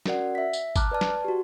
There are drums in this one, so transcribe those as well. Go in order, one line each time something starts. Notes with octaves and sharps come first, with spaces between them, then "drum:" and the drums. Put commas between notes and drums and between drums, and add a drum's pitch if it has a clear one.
C#4 F#4 A#4 D5 F#5, drum: snare
E5 B6
drum: tambourine
A5 A#5 D6 F6 F#6, drum: kick G1, tambourine
B4 D5 A5
drum: snare
F#4 G4